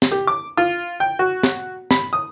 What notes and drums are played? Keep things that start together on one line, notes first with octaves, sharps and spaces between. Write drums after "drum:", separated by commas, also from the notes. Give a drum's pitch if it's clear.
drum: snare
G4
D6
F4
G5
F#4
drum: snare
B5, drum: snare
D#6